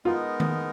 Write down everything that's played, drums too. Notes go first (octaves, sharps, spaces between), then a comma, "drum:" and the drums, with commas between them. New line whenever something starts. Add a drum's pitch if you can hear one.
G#3 B3 D#4 F4 A#4 D#5
drum: tom D#3